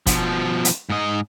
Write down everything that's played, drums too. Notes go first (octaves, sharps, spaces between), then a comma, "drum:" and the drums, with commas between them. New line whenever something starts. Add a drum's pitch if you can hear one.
B2 F3, drum: kick, hi-hat
drum: hi-hat
G#2 D#5